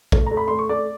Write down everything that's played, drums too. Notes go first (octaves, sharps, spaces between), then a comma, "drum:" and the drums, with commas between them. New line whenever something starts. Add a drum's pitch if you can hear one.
A3, drum: kick
A3 A#5
B5
A3 C6
C#6
A3 D5 D6